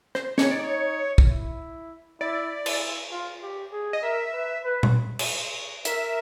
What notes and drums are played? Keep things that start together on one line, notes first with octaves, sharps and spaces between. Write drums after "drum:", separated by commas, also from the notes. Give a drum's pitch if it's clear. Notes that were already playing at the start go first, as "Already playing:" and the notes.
C5, drum: rim click
D#4 C#5, drum: snare
D5
C#5
drum: kick
E4
E4 D5
E4, drum: cymbal
F4
G4
G#4
D#5
A#4 E5
B4
B4
drum: tom A#2
drum: cymbal
A#4 E5, drum: hi-hat